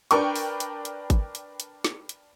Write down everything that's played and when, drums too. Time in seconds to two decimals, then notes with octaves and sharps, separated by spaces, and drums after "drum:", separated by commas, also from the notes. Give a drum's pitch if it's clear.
0.11 D4 A#4 B4 G5 C#6, drum: hi-hat
0.36 drum: open hi-hat
0.60 drum: hi-hat
0.85 drum: hi-hat
1.10 drum: kick G#1, hi-hat
1.35 drum: hi-hat
1.60 drum: hi-hat
1.84 drum: snare
2.09 drum: hi-hat